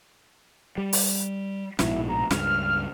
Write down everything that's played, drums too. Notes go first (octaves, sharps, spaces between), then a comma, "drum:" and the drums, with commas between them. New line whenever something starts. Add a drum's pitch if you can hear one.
G3
drum: open hi-hat
A#1 G#2 B2 E4, drum: snare
A#5
C#2 G2 F6, drum: snare